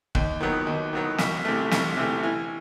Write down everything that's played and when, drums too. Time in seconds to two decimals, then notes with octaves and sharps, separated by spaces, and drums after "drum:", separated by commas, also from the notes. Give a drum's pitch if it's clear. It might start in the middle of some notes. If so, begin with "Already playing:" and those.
0.15 D#2, drum: kick
0.40 D#3 F#3 B3
0.67 D#2
0.93 D#3 F#3 B3
1.18 C2, drum: snare
1.45 C3 E3 A3
1.71 C2, drum: snare
1.97 C3 E3 A3
2.23 E3